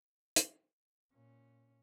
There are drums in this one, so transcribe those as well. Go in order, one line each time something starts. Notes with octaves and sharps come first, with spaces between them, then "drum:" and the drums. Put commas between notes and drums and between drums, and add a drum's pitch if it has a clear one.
drum: hi-hat
A#2 C#4